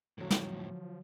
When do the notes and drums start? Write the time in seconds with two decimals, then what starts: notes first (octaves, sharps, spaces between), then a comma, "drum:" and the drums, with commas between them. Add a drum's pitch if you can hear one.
0.18 F2 A2 D3 F3 F#3
0.31 drum: snare